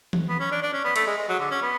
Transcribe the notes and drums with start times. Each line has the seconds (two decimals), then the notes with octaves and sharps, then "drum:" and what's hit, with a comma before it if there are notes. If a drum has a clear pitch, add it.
0.13 drum: tom
0.29 B3
0.40 C#4
0.52 D4
0.62 D4
0.73 C#4
0.84 B3
0.96 A3, drum: cymbal
1.07 G#3
1.18 G#3
1.29 F#3
1.40 D3
1.51 C#4
1.62 B3